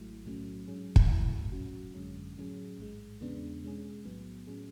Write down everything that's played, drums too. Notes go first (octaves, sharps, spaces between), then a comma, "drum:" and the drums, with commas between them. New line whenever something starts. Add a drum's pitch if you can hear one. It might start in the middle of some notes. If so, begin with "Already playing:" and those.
Already playing: G#1 G#2 F#3 A3 E4
B1 A2 F#3 A3 C#4
G#2 F#3 C#4 G#4
drum: kick
F#2 C#3 F#3 A3 E4
A2 F#3 C#4 F#4
G#1 F#2 D3 G#3 C#4
A2 F#3 C#4 G#4
A1 G#2 G#3
E2 C#3 G#3 B3 D4
B2 G#3 C#4 G#4
B1 A2 F#3 B3
A2 F#3 C#4 G#4